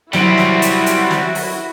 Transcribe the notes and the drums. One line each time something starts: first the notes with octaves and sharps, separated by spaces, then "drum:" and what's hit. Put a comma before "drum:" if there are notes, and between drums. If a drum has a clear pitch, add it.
F#3 G3 C4 C#4 E4 F#4, drum: snare
drum: snare
drum: hi-hat
drum: hi-hat
drum: snare
drum: open hi-hat